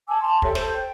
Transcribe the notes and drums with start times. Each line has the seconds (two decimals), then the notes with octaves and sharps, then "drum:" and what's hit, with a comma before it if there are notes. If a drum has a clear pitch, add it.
0.08 G#5 A5 D6 E6
0.20 A5 C6
0.42 G4 A4 C#5 E5, drum: kick
0.55 A4 C5, drum: snare
0.74 G5